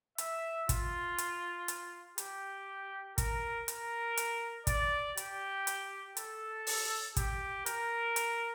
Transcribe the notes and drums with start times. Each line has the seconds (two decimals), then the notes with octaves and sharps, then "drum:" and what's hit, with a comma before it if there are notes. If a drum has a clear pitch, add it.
0.18 E5, drum: hi-hat
0.69 F4, drum: kick, hi-hat
1.18 drum: hi-hat
1.68 drum: hi-hat
2.18 G4, drum: hi-hat
3.18 A#4, drum: kick, hi-hat
3.68 A#4, drum: hi-hat
4.17 drum: hi-hat
4.67 D5, drum: kick, hi-hat
5.17 G4, drum: hi-hat
5.67 drum: hi-hat
6.17 A4, drum: hi-hat
6.67 drum: open hi-hat
7.16 G4, drum: kick, hi-hat
7.66 A#4, drum: hi-hat
8.16 drum: hi-hat